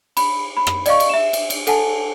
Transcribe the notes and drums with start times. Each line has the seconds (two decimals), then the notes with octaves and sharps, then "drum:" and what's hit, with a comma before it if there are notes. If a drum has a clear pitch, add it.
0.17 B5, drum: cymbal
0.57 B5
0.67 drum: rim click
0.86 D5 D#5 F5 C#6, drum: cymbal
1.00 drum: cymbal
1.09 E5 E7
1.33 drum: cymbal
1.50 drum: cymbal
1.67 A4 F#5 G#5 A5, drum: cymbal